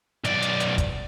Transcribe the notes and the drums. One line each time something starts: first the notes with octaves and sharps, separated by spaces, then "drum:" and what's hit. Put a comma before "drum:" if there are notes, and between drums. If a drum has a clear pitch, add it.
B1 D5, drum: hi-hat
drum: hi-hat
drum: hi-hat
drum: kick, hi-hat